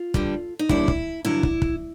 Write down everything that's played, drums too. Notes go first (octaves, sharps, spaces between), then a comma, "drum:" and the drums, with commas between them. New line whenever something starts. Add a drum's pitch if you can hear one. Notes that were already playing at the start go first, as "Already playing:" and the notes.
Already playing: F4
G2 D3 G3, drum: kick
D#4
D#2 D3 G3 E4, drum: kick
drum: kick
G2 D3 F#3 E4
drum: kick
drum: kick